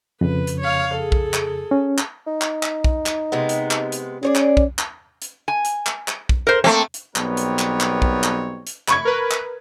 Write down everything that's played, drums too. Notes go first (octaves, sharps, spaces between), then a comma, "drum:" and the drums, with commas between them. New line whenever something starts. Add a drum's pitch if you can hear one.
F2 C#3 B4
drum: hi-hat
C#5 F5
G#4 A4
drum: kick
drum: clap
C#4
drum: clap
D#4
drum: clap
drum: clap
drum: kick
drum: clap
C3 G#3 B3
drum: hi-hat
drum: clap
drum: hi-hat
C#4 G#4 C#5 D5
drum: clap
drum: kick
drum: clap
drum: hi-hat
G#5
drum: hi-hat
drum: clap
drum: clap
drum: kick
A#4 C5
A3 A#3 C4
drum: hi-hat
B1 G3 B3 C4 A#4 C#5, drum: clap
drum: hi-hat
drum: clap
drum: clap
drum: kick
drum: clap
drum: hi-hat
B5 C#6 G#6, drum: clap
A#4 B4
drum: clap